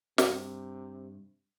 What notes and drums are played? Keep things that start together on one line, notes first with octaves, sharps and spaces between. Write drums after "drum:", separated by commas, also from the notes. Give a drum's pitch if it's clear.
G2 C3, drum: snare